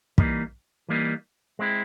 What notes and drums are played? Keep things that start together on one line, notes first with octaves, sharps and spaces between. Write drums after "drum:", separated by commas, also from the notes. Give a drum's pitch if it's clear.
E3 G3 A#3 D#4, drum: kick
E3 G3 A#3 D#4
G#3 C4 E4